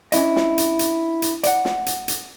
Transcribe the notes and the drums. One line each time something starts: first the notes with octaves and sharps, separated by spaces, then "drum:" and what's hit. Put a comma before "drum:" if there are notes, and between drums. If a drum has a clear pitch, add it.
C#4 D4 E4 D#5, drum: hi-hat
drum: snare
drum: hi-hat
drum: hi-hat
drum: hi-hat
D5 F#5, drum: hi-hat
drum: snare
drum: hi-hat
drum: hi-hat